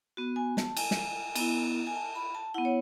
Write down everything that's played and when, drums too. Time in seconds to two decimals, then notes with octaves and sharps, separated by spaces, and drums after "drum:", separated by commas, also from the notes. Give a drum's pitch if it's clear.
0.17 B3 F#4
0.36 G#5
0.57 A5, drum: snare
0.77 G#5, drum: cymbal
0.91 drum: snare
1.35 B3 E4, drum: cymbal
1.87 G#5
1.95 A5
2.15 B5
2.35 A5
2.54 B3 E4 F#5
2.65 C#5